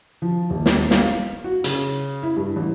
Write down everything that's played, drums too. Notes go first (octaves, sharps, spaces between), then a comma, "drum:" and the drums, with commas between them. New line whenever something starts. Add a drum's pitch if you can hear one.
F3
D#1
drum: snare
F5, drum: snare
F#4
C#3, drum: hi-hat
E4
G2
A1